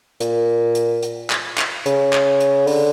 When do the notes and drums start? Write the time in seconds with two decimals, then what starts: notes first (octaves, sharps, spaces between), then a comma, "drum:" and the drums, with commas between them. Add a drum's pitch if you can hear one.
0.20 A#2, drum: hi-hat
0.75 drum: hi-hat
1.03 drum: hi-hat
1.30 drum: clap
1.58 drum: clap
1.86 C#3, drum: hi-hat
2.13 drum: clap
2.40 drum: hi-hat
2.67 D3, drum: open hi-hat